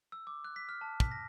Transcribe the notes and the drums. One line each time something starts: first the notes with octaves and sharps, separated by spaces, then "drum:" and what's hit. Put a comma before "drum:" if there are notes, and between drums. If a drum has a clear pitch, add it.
E6
D6
F#6
B6
F6
A5
B6, drum: kick
A#6